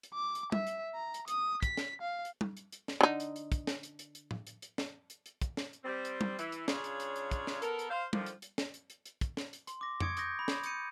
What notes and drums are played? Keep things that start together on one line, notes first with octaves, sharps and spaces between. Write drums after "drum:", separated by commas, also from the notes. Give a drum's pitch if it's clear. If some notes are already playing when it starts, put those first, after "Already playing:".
drum: hi-hat
D6
drum: hi-hat
E5, drum: tom G3
drum: hi-hat
A#5
drum: hi-hat
D#6, drum: hi-hat
B6, drum: kick, hi-hat
drum: snare
F5
drum: hi-hat
drum: tom G3
drum: hi-hat
drum: hi-hat
drum: snare
D3 D#4
drum: hi-hat
drum: hi-hat
drum: kick, hi-hat
drum: snare
drum: hi-hat
drum: hi-hat
drum: hi-hat
drum: tom
drum: hi-hat
drum: hi-hat
drum: snare
drum: hi-hat
drum: hi-hat
drum: kick, hi-hat
drum: snare
drum: hi-hat
G3 C4
drum: hi-hat
drum: tom G3
E3, drum: hi-hat
drum: hi-hat
C#3 D4 F4 G#4 C#5, drum: snare
drum: hi-hat
drum: hi-hat
drum: hi-hat
drum: kick, hi-hat
drum: snare
B3 A4 A#4, drum: hi-hat
drum: hi-hat
C5 F5
D3 D#3 F3, drum: tom G3
drum: hi-hat
drum: hi-hat
drum: snare
drum: hi-hat
drum: hi-hat
drum: hi-hat
drum: kick, hi-hat
drum: snare
drum: hi-hat
C6, drum: hi-hat
D6 A#6
C#6 D#6 G#6 C#7 D7, drum: tom
C#6 D#6 G6 A#6, drum: hi-hat
B5
drum: snare
D#6 G6 C#7 D#7, drum: hi-hat